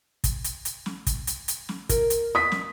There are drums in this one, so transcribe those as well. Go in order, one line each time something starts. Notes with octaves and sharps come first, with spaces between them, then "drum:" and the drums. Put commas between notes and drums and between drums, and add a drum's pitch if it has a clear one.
drum: kick, hi-hat
drum: hi-hat
drum: hi-hat
drum: snare
drum: kick, hi-hat
drum: hi-hat
drum: hi-hat
drum: snare
A#4, drum: kick, hi-hat
drum: hi-hat
D#6 B6
drum: snare